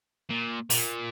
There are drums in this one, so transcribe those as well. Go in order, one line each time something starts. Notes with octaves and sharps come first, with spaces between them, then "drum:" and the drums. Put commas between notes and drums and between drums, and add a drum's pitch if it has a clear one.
A#2
A#2, drum: open hi-hat